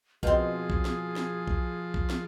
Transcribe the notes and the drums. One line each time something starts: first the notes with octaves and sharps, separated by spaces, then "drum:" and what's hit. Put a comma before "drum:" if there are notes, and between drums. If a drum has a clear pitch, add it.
B2 F3 C4 G#4, drum: kick
drum: kick
drum: snare
drum: snare
drum: kick
drum: kick
drum: snare